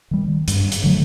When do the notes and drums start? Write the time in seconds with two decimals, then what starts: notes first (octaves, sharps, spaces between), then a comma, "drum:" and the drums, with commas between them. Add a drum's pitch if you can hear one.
0.11 D#3 G3
0.48 G2, drum: hi-hat
0.72 drum: hi-hat
0.84 D3 F#3 A3